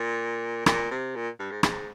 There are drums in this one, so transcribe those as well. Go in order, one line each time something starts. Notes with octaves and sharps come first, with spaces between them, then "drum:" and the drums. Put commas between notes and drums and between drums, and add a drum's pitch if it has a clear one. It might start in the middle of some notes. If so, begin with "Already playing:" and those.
Already playing: A#2
A#2, drum: rim click
C3
A#2
G2
G#2
G#2, drum: rim click